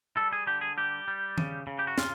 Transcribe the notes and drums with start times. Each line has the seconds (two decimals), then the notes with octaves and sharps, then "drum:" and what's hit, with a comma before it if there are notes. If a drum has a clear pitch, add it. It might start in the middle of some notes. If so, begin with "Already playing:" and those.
0.17 G3 A4
0.33 G#4
0.47 D3 G4
0.61 G#4
0.77 G3 G4
1.08 G3
1.38 C#3, drum: tom D#3
1.67 C#3
1.79 G4
1.87 F#4
1.98 C#3 F4, drum: snare